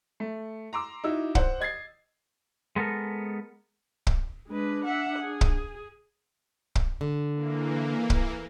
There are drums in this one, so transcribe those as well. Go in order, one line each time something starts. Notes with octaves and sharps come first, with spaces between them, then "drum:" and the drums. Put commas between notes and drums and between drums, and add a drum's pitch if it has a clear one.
A3
A#5 C6 D6 E6
D#4 E4 F#4 E6
C5 F#5, drum: kick
D#5 G#6 A6 C7
G#3 B3 A4 A#4
drum: kick
G#3 D4 B4
E5 F#5
G#4
drum: kick
drum: kick
D3
E3 A#3
drum: kick